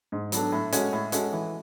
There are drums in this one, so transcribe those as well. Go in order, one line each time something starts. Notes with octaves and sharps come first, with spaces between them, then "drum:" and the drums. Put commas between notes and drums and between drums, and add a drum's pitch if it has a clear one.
G#2
F#3 B3 D4 A4, drum: hi-hat
A2
G#3 C#4 F#4 A4, drum: hi-hat
A2
G#3 C#4 F#4 A4, drum: hi-hat
E3